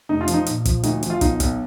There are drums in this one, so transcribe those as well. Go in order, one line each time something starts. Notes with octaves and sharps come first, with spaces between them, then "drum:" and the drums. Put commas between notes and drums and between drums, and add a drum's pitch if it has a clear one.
F1 D#4
F4
F3, drum: hi-hat
D#4
A#1, drum: hi-hat
F3, drum: kick, hi-hat
D2 D#4, drum: hi-hat
F3, drum: hi-hat
F4
B1 D#4, drum: kick, hi-hat
B1, drum: kick, hi-hat